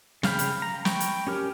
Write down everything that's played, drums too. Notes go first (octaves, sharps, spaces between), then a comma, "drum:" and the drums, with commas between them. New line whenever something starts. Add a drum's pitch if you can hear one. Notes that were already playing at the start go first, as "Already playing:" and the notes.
C#3 F5 G5 B5, drum: snare
drum: hi-hat
A#5
G5 B5 C#6, drum: snare
drum: hi-hat
C#4 G4 A#4